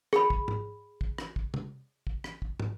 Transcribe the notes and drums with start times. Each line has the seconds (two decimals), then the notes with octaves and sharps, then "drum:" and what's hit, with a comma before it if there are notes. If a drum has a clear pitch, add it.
0.13 G#4 B5, drum: rim click
0.30 drum: kick
0.48 drum: tom
1.01 drum: kick
1.18 drum: rim click
1.36 drum: kick
1.54 drum: tom C3
2.07 drum: kick
2.24 drum: rim click
2.42 drum: kick
2.60 drum: tom